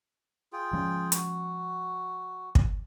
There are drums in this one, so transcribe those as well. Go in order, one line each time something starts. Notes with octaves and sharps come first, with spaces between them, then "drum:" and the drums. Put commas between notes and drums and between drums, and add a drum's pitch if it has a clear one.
F4 G#4 G5
F3 G#3 C#4
F#4, drum: hi-hat
drum: kick